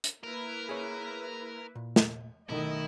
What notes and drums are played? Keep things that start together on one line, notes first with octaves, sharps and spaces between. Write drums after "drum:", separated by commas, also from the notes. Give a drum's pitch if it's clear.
drum: hi-hat
A#3 E4 A#4 B4
G#4 C#5
A#2
drum: snare
B1 D#3 A3 E4 D#5